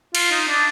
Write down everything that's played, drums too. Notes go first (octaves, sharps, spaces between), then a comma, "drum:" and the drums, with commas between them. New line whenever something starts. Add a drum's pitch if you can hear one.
F4, drum: cymbal
D#4
D4